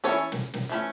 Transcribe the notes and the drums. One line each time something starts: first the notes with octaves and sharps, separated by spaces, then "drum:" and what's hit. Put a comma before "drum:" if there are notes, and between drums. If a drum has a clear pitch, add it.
E3 A3 C#4 A4 C#5
drum: snare
drum: snare
E3 A3 C#4